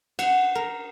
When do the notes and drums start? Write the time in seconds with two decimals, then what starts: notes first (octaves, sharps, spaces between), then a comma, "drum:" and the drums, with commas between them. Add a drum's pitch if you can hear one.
0.19 F#5, drum: cymbal
0.55 A#4